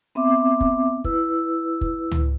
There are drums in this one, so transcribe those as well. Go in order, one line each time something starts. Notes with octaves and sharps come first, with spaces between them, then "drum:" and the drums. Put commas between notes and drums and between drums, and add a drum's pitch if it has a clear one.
B3 C4 E5 D6
drum: kick
E4 B4 E6, drum: kick
drum: kick
drum: tom C#2